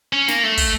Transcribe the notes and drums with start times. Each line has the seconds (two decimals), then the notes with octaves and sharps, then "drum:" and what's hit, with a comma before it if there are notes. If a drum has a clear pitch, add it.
0.13 C#4
0.28 A#3, drum: snare
0.43 A3
0.57 drum: kick, open hi-hat